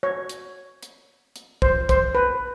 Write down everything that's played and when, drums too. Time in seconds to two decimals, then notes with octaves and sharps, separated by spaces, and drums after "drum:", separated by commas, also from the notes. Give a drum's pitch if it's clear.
0.03 C#5
0.29 drum: hi-hat
0.83 drum: hi-hat
1.36 drum: hi-hat
1.62 C5, drum: kick
1.89 C5, drum: kick, hi-hat
2.15 B4